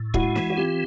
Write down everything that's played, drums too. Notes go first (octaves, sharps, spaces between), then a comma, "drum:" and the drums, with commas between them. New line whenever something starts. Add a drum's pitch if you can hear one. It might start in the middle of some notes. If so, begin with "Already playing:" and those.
Already playing: A2
G#3 E4 F#4, drum: kick
E3, drum: snare
F#4
C4 F4 G4